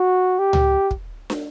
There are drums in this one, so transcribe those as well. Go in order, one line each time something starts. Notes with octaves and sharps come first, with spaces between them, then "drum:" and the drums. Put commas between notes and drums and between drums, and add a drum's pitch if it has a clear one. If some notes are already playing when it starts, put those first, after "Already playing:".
Already playing: F#4
G4
drum: tom C#2
drum: kick
drum: snare